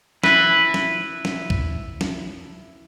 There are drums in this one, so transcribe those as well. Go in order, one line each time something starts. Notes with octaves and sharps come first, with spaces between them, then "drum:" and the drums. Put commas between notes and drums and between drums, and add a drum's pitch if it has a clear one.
E4 B4, drum: snare
drum: snare
drum: snare
drum: kick
drum: snare